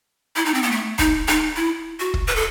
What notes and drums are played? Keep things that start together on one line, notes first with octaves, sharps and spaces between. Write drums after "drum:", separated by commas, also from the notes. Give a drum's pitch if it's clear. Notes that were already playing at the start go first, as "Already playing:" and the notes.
E4
D#4
C4
B3
A3
D#4, drum: kick
D#4, drum: rim click
E4
F#4
drum: kick
B4
A4